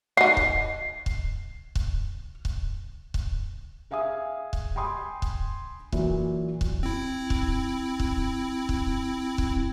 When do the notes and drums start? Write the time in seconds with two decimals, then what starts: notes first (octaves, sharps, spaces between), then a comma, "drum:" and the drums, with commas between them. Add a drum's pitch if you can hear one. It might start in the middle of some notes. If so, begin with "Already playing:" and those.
0.17 D#4 F#4 C7
0.37 drum: kick C#1
1.06 drum: kick C#1
1.75 drum: kick C#1
2.45 drum: kick C#1
3.14 drum: kick C#1
3.91 G#4 E5 F5 G#5 D#6
4.53 drum: kick C#1
4.76 G5 G#5 B5 C6 D#6
5.22 drum: kick C#1
5.92 A#2 E3 F#3, drum: kick C#1
6.61 drum: kick C#1
6.83 C4 E4
7.30 drum: kick C#1
8.00 drum: kick C#1
8.69 drum: kick C#1
9.38 drum: kick C#1